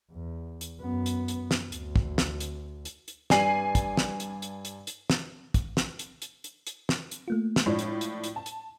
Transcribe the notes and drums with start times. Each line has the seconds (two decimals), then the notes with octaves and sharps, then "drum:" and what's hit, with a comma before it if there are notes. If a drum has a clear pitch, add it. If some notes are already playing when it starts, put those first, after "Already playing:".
0.12 E2
0.61 drum: hi-hat
0.80 F#2 B3
1.06 drum: hi-hat
1.28 drum: hi-hat
1.51 drum: snare
1.72 D2, drum: hi-hat
1.96 drum: kick
2.18 drum: snare
2.40 drum: hi-hat
2.85 drum: hi-hat
3.08 drum: hi-hat
3.30 G2 D5 G#5 C7 F#7, drum: snare
3.75 drum: kick, hi-hat
3.97 drum: snare
4.20 drum: hi-hat
4.42 drum: hi-hat
4.65 drum: hi-hat
4.87 drum: hi-hat
5.10 drum: snare
5.54 drum: kick, hi-hat
5.77 drum: snare
5.99 drum: hi-hat
6.22 drum: hi-hat
6.44 drum: hi-hat
6.67 drum: hi-hat
6.89 drum: snare
7.11 drum: hi-hat
7.28 A3 A#3 F4
7.56 drum: snare
7.66 A2 F3 G#3 D4
7.79 drum: hi-hat
8.01 drum: hi-hat
8.24 drum: hi-hat
8.36 A5
8.46 drum: hi-hat